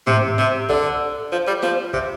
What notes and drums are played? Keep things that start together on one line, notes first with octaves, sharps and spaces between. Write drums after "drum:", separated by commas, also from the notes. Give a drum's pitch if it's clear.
C3, drum: tom G#2
C3, drum: snare
D3, drum: kick
F3
G3
F3, drum: snare
C3, drum: kick